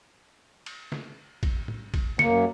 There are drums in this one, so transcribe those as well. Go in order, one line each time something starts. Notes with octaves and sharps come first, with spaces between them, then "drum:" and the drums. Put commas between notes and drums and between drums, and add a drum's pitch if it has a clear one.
drum: cymbal
drum: snare
drum: kick A1, cymbal
drum: tom
drum: kick A1, cymbal
F#2 A#3 C#7, drum: snare